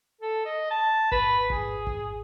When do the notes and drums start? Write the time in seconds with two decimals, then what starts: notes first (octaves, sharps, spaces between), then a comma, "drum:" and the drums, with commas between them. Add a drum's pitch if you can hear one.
0.21 A4
0.45 D#5
0.71 A5
1.12 B4, drum: kick G#1
1.50 G#4, drum: kick G#1
1.87 drum: kick G#1